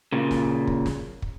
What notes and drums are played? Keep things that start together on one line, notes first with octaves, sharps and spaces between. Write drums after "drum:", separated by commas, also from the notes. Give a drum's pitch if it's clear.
A#2 C#3
drum: snare
drum: kick
drum: snare
drum: kick